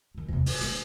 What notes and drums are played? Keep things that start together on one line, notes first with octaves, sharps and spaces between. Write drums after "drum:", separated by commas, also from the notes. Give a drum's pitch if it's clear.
D#3 D#4
E2 C3
B1, drum: open hi-hat
G#3 D4, drum: hi-hat